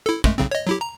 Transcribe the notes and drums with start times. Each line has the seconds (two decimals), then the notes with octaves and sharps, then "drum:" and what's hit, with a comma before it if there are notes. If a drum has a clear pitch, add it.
0.06 E4 A4
0.24 F#2 G#3 A3, drum: kick
0.38 B1 C#3 C4
0.51 C#5 D#5
0.67 F#3 E4 G4
0.81 A#5